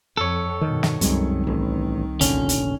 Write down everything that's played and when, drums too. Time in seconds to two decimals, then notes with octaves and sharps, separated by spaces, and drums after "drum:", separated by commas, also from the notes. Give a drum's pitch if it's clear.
0.17 F2 A4 C#5
0.61 G2 B2 D#3
0.83 drum: snare
1.01 C2 F#2 D#3 G3 G#3 C4, drum: hi-hat
1.47 A1
2.21 F1 A#1 D3 C#4, drum: hi-hat
2.49 drum: hi-hat